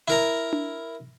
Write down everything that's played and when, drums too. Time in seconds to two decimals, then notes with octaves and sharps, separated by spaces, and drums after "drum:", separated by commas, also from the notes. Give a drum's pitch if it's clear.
0.08 E4 A#4 A#5
0.53 drum: tom D4